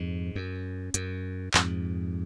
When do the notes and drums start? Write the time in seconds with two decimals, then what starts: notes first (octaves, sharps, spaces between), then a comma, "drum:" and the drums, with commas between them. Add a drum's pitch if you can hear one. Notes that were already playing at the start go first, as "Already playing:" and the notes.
Already playing: F2 G#2
0.35 F#2
0.94 F#2, drum: hi-hat
1.54 F2 G#2, drum: clap